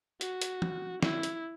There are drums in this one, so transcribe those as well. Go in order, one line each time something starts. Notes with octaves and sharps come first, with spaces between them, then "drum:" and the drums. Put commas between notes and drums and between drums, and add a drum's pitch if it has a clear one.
F#4, drum: hi-hat
drum: hi-hat
drum: tom
E4, drum: snare
drum: hi-hat